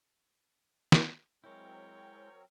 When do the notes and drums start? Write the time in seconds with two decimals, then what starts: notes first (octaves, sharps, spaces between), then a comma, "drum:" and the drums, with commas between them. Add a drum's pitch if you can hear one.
0.92 drum: snare
1.44 F#3 G#3 C4 E4 A#4 C#5 G5